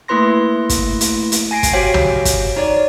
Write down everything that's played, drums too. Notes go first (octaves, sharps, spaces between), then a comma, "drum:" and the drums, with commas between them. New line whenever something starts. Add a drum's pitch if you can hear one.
A3 A#3 E4 B4 C6 A#6
drum: kick, hi-hat
drum: hi-hat
drum: hi-hat
G#5 A#6 C7 D7
drum: kick, hi-hat
F#4 G4 C5 C#5 F5 G5
drum: tom
drum: kick, hi-hat
D#4 C#5 D5